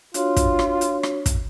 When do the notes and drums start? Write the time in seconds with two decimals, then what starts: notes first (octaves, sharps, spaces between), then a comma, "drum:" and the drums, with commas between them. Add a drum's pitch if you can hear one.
0.14 D4 F4 F#4 C#5, drum: hi-hat
0.36 drum: kick, hi-hat
0.59 drum: rim click
0.81 drum: hi-hat
1.03 drum: rim click
1.26 drum: kick, hi-hat